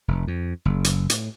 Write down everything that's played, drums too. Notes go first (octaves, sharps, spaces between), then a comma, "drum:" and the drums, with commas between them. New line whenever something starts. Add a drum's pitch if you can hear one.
F1
F2
F#1
drum: hi-hat
A2, drum: hi-hat